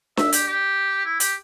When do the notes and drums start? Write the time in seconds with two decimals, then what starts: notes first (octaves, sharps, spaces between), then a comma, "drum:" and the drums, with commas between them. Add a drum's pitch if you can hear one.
0.17 E5, drum: snare D4
0.33 G4, drum: hi-hat
0.47 G4
1.05 E4
1.20 G4, drum: hi-hat